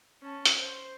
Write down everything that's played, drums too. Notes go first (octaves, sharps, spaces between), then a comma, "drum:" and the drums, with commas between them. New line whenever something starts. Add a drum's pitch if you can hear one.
C#4 A5
drum: hi-hat
C5